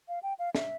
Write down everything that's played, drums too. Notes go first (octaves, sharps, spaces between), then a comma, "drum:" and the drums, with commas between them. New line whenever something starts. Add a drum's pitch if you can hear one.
F5
G5
F5
E5, drum: snare